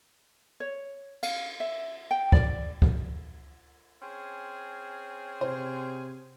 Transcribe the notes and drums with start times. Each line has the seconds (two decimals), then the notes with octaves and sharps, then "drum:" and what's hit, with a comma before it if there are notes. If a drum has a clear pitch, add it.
0.60 C#5
1.23 F5, drum: cymbal
1.60 E5
2.11 G5
2.32 D5, drum: kick C#2
2.82 drum: kick C#2
4.02 C4 C#4 G#4
5.41 C3 C5